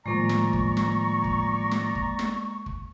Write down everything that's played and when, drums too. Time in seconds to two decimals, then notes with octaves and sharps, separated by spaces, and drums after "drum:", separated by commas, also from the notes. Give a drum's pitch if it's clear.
0.06 A2 D#3 F3 G#3 A#3 D5 A#5 C#6
0.29 drum: snare
0.53 drum: kick
0.77 drum: snare
1.24 drum: kick
1.71 drum: snare
1.95 drum: kick
2.19 drum: snare
2.66 drum: kick